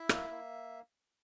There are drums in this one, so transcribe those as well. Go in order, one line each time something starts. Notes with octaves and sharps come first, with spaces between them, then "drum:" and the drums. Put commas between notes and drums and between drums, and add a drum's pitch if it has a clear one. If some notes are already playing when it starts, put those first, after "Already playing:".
Already playing: E4 E5
A#3, drum: rim click
A#3